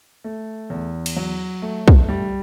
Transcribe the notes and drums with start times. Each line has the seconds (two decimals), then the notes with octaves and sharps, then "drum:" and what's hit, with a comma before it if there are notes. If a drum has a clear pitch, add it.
0.24 A3
0.70 E2
1.06 drum: cymbal
1.16 F#3
1.62 A3
1.88 drum: kick
2.08 G3